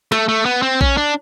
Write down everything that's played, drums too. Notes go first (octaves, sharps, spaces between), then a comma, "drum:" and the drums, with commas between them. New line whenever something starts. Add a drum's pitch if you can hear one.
A3, drum: snare
A3
B3
C4
C#4, drum: kick A#1
D4